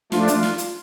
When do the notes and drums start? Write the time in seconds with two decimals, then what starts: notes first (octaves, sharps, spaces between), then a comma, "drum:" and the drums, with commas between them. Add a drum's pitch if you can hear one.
0.12 F3 A3 D4 F4, drum: snare
0.28 drum: hi-hat
0.43 drum: snare
0.58 drum: hi-hat